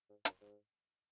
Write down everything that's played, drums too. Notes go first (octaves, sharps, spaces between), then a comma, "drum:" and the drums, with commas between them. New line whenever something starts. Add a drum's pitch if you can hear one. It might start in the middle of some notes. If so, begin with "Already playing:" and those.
G#2
F#2, drum: hi-hat
G#2